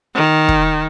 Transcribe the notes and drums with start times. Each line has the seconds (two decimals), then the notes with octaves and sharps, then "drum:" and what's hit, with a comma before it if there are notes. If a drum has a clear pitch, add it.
0.15 D#3
0.48 drum: kick